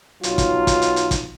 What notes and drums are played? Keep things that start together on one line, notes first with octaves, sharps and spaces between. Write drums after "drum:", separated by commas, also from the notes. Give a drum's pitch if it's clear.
B1 F#3 D#4 F4, drum: hi-hat
drum: kick, hi-hat
drum: kick, hi-hat
drum: hi-hat
drum: hi-hat
drum: kick, hi-hat